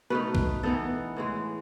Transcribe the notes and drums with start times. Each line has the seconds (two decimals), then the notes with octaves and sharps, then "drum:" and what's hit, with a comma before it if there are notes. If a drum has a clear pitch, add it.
0.10 B2 A3 D#4 B4
0.35 drum: kick
0.63 E3 B3 D#4 A4
1.17 A2 E3 G#3